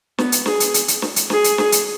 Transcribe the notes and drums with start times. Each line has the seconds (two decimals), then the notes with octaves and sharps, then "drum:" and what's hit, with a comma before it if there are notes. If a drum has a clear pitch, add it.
0.18 B3, drum: snare
0.32 drum: hi-hat
0.46 G#4, drum: snare
0.60 drum: hi-hat
0.74 drum: hi-hat
0.88 drum: hi-hat
1.02 drum: snare
1.16 drum: hi-hat
1.30 G#4, drum: snare
1.44 drum: hi-hat
1.58 drum: snare
1.72 drum: hi-hat